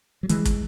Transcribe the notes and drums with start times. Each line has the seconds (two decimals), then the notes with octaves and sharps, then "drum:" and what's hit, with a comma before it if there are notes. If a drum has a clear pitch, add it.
0.23 F#3
0.29 E3 G#3, drum: hi-hat
0.45 drum: kick, hi-hat